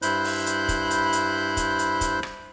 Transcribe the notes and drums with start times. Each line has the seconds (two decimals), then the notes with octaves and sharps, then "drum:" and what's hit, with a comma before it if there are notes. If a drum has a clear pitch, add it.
0.02 G2 E4 C5 B5 F#6 G6, drum: hi-hat
0.24 drum: open hi-hat
0.46 drum: hi-hat
0.69 drum: kick, hi-hat
0.91 drum: hi-hat
1.13 drum: hi-hat
1.57 drum: kick, hi-hat
1.79 drum: hi-hat
2.01 drum: kick, hi-hat
2.23 drum: rim click